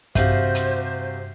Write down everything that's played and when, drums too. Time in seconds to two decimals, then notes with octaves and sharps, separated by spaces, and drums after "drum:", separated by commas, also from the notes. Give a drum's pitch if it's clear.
0.15 G2 C3 F#4 C5 E5 F5 G6 C7, drum: kick, hi-hat
0.55 drum: hi-hat